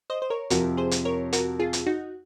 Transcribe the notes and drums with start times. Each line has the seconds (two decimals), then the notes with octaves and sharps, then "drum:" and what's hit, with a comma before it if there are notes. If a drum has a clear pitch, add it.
0.10 C5 D#5
0.22 C5
0.30 A#4 C#5
0.50 F2 C3 F3 F#4 A#4, drum: hi-hat
0.77 G#4 C5
0.91 drum: hi-hat
1.05 A#4 C#5
1.33 F#4 A#4, drum: hi-hat
1.60 F4 G#4
1.73 drum: hi-hat
1.86 D#4 F#4